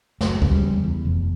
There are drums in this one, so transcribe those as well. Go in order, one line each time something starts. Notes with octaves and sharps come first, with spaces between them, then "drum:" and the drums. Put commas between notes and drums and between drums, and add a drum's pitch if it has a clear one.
F#1 A3, drum: snare
G#3
C#3, drum: kick D2
G3
E2
E2
F1